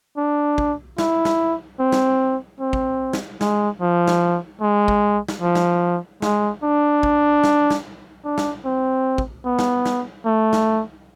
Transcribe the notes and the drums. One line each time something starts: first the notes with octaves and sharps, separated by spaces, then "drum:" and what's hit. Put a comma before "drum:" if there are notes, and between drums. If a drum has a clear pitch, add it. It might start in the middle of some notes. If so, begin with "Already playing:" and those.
D4
drum: kick
E4, drum: snare
drum: snare
C4
drum: snare
C4
drum: kick
drum: snare
G#3, drum: snare
F3
drum: snare
G#3
drum: kick
drum: snare
F3
drum: snare
G#3, drum: snare
D4
drum: kick
drum: snare
drum: snare
D4
drum: snare
C4
drum: kick
B3
drum: snare
drum: snare
A3
drum: snare